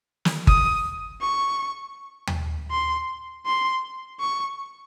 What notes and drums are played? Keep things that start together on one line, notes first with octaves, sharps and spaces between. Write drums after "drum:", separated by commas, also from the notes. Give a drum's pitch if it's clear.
drum: snare
D#6, drum: kick G1
C#6
drum: tom D#2
C6
C6
C#6